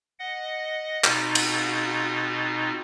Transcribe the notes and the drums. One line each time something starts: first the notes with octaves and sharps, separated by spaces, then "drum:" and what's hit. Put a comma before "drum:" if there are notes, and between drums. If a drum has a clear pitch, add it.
D#5 F#5
B2 C4 D#4 F4, drum: clap
drum: cymbal